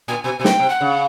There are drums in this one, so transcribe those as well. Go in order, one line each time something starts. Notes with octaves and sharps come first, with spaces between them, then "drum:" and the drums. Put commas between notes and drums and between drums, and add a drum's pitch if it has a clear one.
A#2 G#5
B2 G#5
B2 G#5
G5, drum: snare
C3
F#5
C#3